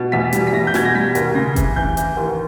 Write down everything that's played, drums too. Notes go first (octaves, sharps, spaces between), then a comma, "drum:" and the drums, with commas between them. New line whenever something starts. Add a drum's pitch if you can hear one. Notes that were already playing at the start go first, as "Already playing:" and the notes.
Already playing: B2
E2 B6
G3, drum: hi-hat
B6
E2 A#6
G6
B2 G#6, drum: snare
A#6
G3 B6
D#2, drum: hi-hat
C#3 A#6
E3, drum: kick F#1, hi-hat
E3 G6
E3, drum: hi-hat
D#2